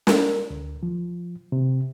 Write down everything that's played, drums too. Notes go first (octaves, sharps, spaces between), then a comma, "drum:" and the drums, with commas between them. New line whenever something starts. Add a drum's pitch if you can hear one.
A#4, drum: snare
D2
F3
C3